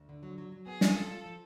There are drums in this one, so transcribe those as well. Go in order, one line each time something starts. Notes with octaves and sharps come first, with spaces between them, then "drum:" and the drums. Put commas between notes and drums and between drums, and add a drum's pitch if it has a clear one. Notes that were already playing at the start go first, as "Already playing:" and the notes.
Already playing: D2
D3
F#3
F#3
F#3
B3 G#4
F4, drum: snare
F4 A4
F4
F3